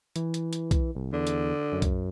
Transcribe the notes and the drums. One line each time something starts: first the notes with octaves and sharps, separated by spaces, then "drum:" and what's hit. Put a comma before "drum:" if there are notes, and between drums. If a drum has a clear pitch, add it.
E3, drum: hi-hat
drum: hi-hat
drum: hi-hat
drum: kick B1, hi-hat
C2
E2 D3
drum: hi-hat
F#2
drum: kick B1, hi-hat